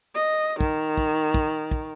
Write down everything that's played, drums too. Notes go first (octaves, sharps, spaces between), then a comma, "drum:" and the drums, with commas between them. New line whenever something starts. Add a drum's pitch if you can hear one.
D#5
D#3, drum: kick
drum: kick
drum: kick
drum: kick